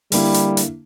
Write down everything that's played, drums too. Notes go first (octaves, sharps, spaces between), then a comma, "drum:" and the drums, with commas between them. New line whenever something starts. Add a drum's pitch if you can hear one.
D3 G3 A#3 E4, drum: open hi-hat
drum: hi-hat
drum: hi-hat